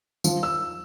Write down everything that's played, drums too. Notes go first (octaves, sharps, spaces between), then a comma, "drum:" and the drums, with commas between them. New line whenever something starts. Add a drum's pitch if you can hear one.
F3, drum: tambourine
E6